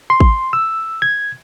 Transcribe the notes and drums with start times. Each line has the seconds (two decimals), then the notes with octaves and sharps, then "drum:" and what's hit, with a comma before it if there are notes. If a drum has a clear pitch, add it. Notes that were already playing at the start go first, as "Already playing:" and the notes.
0.10 C6
0.20 drum: kick
0.53 E6
1.02 G#6